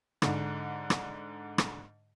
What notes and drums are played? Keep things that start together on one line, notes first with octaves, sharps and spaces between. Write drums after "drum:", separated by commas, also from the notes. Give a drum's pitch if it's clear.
G#2 D3, drum: rim click
drum: rim click
drum: rim click